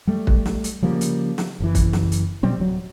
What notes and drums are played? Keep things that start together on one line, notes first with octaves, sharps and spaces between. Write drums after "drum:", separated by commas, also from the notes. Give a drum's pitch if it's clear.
G3 A3
drum: kick
drum: snare
drum: hi-hat
C#3 F3 G3 A#3
drum: hi-hat
drum: snare
F#1 E3
drum: kick, hi-hat
drum: snare
drum: hi-hat
B2 F#3 G3 C4
D1 F#3